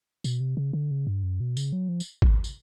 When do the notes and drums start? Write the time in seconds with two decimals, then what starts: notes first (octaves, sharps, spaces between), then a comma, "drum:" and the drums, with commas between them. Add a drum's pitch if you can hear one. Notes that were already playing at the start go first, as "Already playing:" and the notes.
0.24 B2, drum: tambourine
0.40 C3
0.57 C#3
0.73 D3
0.91 C#3
1.07 G2
1.23 F#2
1.40 B2
1.57 C#3, drum: tambourine
1.73 F#3
1.89 F3
2.00 drum: tambourine
2.22 drum: kick G#1
2.44 drum: tambourine